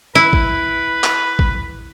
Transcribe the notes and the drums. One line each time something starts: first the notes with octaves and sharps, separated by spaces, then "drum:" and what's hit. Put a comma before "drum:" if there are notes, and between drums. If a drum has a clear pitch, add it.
E4 B4
drum: kick
drum: clap
drum: kick